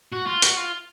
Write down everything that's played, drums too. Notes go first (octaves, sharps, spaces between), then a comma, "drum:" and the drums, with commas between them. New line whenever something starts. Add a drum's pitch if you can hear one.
F#4
F4
F#4, drum: hi-hat
F4